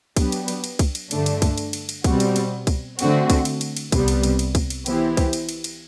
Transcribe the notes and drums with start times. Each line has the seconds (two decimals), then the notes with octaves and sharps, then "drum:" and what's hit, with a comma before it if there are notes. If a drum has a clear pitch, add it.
0.17 F#3 B3 D4 G4 B4, drum: kick C2, cymbal
0.32 drum: cymbal
0.48 drum: cymbal
0.64 drum: cymbal
0.79 drum: kick C2, cymbal
0.95 drum: cymbal
1.11 G2 D3 A3 D4, drum: cymbal
1.26 drum: cymbal
1.42 drum: kick C2, cymbal
1.58 drum: cymbal
1.73 drum: cymbal
1.89 drum: cymbal
2.04 B2 G3 C4 F#4, drum: kick C2, cymbal
2.20 drum: cymbal
2.36 drum: cymbal
2.67 drum: kick C2, cymbal
2.99 D3 A3 C4 F#4, drum: cymbal
3.30 drum: kick C2, cymbal
3.45 drum: cymbal
3.61 drum: cymbal
3.77 drum: cymbal
3.92 C2 C3 G3 B3, drum: kick C2, cymbal
4.08 drum: cymbal
4.23 drum: cymbal
4.39 drum: cymbal
4.55 drum: kick C2, cymbal
4.70 drum: cymbal
4.86 E3 B3 E4 G4 C5, drum: cymbal
5.17 drum: kick C2, cymbal
5.33 drum: cymbal
5.49 drum: cymbal
5.64 drum: cymbal